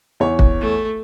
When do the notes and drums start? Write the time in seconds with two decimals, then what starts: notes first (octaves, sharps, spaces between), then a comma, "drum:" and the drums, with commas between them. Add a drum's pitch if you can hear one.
0.20 E2 C#5
0.39 drum: kick
0.61 A3